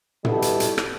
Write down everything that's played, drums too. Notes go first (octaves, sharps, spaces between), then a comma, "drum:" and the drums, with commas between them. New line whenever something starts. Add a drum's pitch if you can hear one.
B2 G3 B3 E4 A4, drum: tom
drum: hi-hat
drum: hi-hat
drum: rim click